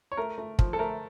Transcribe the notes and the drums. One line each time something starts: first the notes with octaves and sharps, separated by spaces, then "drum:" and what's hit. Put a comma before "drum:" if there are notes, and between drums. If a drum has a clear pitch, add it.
C#5
A3 A#4
A3
F3, drum: kick
A4
A3 A#4